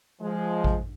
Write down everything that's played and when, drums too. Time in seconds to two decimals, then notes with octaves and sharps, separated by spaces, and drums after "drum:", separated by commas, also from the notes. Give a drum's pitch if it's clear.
0.21 F3 G#3
0.64 drum: kick A1